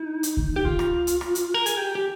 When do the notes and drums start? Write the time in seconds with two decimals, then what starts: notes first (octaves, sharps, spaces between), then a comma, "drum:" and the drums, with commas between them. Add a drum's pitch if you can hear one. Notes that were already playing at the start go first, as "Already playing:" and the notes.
Already playing: D#4
0.23 drum: hi-hat
0.37 drum: kick C#2
0.56 G4
0.65 F4, drum: kick C#2
0.79 drum: rim click
1.07 drum: hi-hat
1.21 drum: rim click
1.35 drum: hi-hat
1.54 A#4
1.66 G#4, drum: hi-hat
1.77 G4
1.95 G4